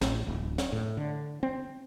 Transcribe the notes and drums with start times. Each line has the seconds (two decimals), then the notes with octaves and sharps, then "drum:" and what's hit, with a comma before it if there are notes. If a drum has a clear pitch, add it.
0.01 A1, drum: snare
0.27 D1
0.58 drum: snare
0.72 A2
0.97 D3
1.43 C4